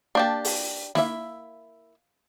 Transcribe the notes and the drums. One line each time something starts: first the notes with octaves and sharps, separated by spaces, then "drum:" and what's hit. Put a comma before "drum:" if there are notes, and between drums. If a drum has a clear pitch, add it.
A#3 D4 G4 D5 G5 A5
drum: open hi-hat
A#3 E4 E5, drum: snare